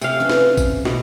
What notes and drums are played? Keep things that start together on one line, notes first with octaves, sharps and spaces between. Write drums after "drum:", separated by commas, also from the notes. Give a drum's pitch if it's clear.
C3 G4 A4 F5 G#5, drum: tambourine
C#4 D4 B4
drum: snare
drum: kick A1, tambourine
B2 C4, drum: snare